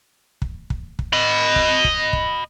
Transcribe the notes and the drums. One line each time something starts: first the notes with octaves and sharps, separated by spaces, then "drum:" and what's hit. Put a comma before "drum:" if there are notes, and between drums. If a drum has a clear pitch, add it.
drum: kick
drum: kick
drum: kick
D#5 B5
drum: kick
drum: kick
drum: kick